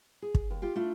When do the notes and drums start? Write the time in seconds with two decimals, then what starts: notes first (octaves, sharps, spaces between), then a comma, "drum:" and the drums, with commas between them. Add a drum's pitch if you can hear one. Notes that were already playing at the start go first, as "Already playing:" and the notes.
0.22 G#4
0.35 drum: kick
0.51 D#2
0.62 F4 G4 F5
0.76 A3 D4 E4 F4